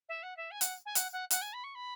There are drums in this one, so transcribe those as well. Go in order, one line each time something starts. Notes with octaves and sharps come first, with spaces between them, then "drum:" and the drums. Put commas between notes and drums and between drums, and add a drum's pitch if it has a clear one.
E5
F#5
E5
G#5
F#5, drum: hi-hat
G#5
F#5, drum: hi-hat
F#5
F#5, drum: hi-hat
G#5
B5
C#6
B5